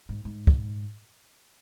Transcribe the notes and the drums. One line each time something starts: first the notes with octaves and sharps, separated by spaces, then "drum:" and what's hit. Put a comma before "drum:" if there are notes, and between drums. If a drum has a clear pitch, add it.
G#2
G#2
drum: kick